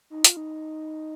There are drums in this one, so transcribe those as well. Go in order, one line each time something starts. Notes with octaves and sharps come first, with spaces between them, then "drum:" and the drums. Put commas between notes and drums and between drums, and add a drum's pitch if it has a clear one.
D#4
F4, drum: hi-hat
D#4